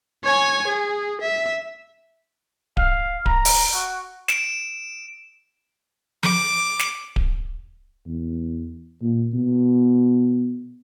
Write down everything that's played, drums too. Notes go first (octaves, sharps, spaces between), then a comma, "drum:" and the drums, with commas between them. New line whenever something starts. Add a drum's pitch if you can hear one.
C#5 G#5
G#4
E5
F5, drum: kick D1
A#5, drum: kick D1
drum: open hi-hat
F#4
D7 E7, drum: snare
D6, drum: tom F3
drum: snare
drum: kick D1
E2
A#2
B2